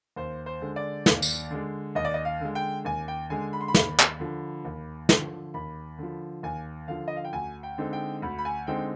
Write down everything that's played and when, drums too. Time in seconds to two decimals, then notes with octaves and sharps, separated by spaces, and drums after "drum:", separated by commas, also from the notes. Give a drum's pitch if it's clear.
0.16 D#2 C5
0.46 C5
0.62 D3 G#3
0.76 D5
1.06 D#2, drum: snare
1.22 drum: tambourine
1.51 D3 G#3
1.95 D#2 D#5
2.05 D5
2.14 D#5
2.25 F5
2.41 D3 G#3
2.55 G5
2.85 D#2 G#5
3.08 G5
3.30 D3 G#3 G#5
3.53 B5
3.61 C6
3.68 B5
3.74 D#2, drum: snare
3.99 drum: clap
4.20 D3 F3
4.65 D#2
5.09 D3 F3, drum: snare
5.54 D#2 B5
5.98 D3 F3
6.43 D#2 G#5
6.88 D3 F3 F5
7.08 D#5
7.16 F5
7.25 G5
7.33 D2 G#5
7.63 G5
7.78 D3 G#3 C4 D#4
7.93 G5
8.22 D2 B5
8.39 B5
8.45 G#5
8.67 D3 G#3 C4 D#4 G5